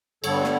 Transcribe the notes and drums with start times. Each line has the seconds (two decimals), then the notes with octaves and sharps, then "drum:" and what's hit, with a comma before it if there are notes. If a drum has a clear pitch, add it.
0.24 G2 D3 G3 B3 A4 C#5, drum: cymbal
0.44 drum: snare